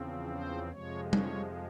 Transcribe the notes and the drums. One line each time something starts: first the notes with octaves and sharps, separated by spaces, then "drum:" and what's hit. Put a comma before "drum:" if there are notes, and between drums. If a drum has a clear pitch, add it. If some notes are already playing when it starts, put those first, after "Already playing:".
Already playing: E2 C#3 F3 C4
C5
F2 C3 F3 G#3 C#5
C#5, drum: tom G3